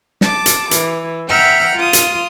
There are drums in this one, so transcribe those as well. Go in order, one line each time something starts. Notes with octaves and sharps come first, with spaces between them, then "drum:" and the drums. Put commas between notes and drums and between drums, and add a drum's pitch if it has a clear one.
A5 D6, drum: snare
drum: hi-hat
E3, drum: hi-hat
E5 F#5 G5 A#5 F6
F4 D#6
drum: hi-hat